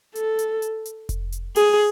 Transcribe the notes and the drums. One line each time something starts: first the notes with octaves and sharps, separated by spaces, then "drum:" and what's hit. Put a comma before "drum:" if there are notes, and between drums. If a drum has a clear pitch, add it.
A4, drum: hi-hat
drum: hi-hat
drum: hi-hat
drum: hi-hat
drum: kick F1, hi-hat
drum: hi-hat
G#4, drum: open hi-hat